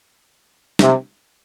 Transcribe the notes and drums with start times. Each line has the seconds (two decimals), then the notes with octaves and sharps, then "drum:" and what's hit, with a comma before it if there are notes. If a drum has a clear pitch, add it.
0.79 C3, drum: snare